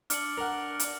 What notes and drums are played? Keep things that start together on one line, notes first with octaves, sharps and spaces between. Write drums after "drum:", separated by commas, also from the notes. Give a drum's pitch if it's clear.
D4 F6 C#7 F#7, drum: hi-hat
A#4 F#5
drum: hi-hat